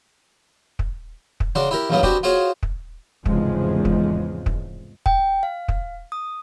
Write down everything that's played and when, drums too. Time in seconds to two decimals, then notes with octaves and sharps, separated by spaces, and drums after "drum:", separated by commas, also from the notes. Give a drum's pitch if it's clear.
0.79 drum: kick
1.40 drum: kick
1.55 C#3 D4 F#4 C6
1.71 E4 G4 A#4
1.90 E2 G2 F#3 A#3 B3 C#4
2.03 B3 C4 D4 F#4 G4, drum: kick
2.23 F4 F#4 G#4 C5 C#5 F5
2.63 drum: kick
3.26 F1 E2 G#2 C#3 F3 G#3, drum: kick
3.85 drum: kick
4.46 drum: kick
5.06 G5, drum: kick
5.43 F5
5.68 drum: kick
6.12 D#6